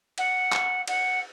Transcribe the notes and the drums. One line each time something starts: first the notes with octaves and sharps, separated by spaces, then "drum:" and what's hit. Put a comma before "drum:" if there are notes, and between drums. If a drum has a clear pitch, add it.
F#5, drum: cymbal
drum: clap
F#5, drum: cymbal